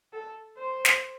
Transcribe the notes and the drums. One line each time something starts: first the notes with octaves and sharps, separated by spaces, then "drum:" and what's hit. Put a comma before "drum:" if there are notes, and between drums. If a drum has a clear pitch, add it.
A4
C5
drum: snare